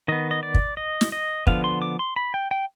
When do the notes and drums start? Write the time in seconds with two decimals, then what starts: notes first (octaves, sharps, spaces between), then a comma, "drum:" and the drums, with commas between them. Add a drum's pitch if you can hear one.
0.08 D#3 B3 D#5
0.31 D#5
0.43 D5
0.54 drum: kick
0.77 D#5
1.01 drum: snare
1.12 D#5
1.47 D3 F3 B3 F5, drum: kick
1.64 C6
1.82 D6
1.99 C6
2.16 B5
2.34 G5
2.51 G5